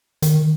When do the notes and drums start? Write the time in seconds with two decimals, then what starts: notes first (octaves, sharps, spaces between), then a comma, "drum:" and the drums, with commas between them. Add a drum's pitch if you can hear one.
0.22 D#3, drum: hi-hat